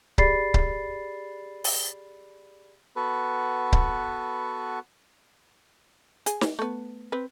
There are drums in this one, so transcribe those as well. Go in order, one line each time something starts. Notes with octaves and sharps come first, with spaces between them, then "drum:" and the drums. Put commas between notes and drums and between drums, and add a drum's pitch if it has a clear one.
G4 G#4 D5 B5 A6 C7, drum: kick C#1
drum: kick C#1
drum: open hi-hat
B3 F#4 A4 B4
drum: kick C#1
G#4, drum: hi-hat
drum: snare
A3 B3
C4 B4